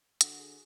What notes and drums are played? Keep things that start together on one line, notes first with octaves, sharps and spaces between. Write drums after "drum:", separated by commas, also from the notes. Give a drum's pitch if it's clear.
D3 F#4, drum: hi-hat
G#4